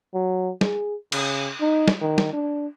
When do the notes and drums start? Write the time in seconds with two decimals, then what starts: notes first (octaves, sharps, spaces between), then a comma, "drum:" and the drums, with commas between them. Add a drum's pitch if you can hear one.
0.14 F#3
0.61 G#4, drum: snare
1.12 C#3, drum: cymbal
1.61 D#4
1.88 drum: snare
2.01 D#3
2.18 drum: snare
2.33 D4